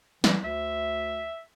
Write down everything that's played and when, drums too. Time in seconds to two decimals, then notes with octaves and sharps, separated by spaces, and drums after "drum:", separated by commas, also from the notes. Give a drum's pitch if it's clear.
0.24 E3, drum: snare
0.44 D2 E5